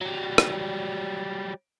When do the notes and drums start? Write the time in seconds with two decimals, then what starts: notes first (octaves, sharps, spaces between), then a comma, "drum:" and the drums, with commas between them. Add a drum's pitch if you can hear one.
0.01 F#3 G3
0.38 drum: rim click